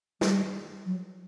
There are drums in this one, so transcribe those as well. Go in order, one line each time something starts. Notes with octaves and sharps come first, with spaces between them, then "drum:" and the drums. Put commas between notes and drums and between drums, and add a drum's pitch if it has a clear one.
G3, drum: snare
F#3